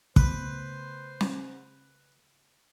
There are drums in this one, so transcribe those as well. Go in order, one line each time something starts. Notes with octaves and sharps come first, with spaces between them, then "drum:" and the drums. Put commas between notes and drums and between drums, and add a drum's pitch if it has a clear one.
C#3 A3 B3 B4 C5, drum: kick
drum: snare